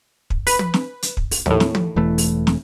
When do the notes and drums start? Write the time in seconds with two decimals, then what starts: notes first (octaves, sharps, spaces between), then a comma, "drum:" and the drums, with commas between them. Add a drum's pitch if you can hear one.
0.30 drum: kick
0.47 B4, drum: open hi-hat
0.59 drum: tom
0.74 drum: snare
1.03 drum: hi-hat
1.17 drum: kick
1.31 drum: open hi-hat
1.46 D#2 A2, drum: tom
1.60 drum: snare
1.75 drum: tom
1.96 E1 E3 A3
2.18 drum: open hi-hat
2.47 drum: snare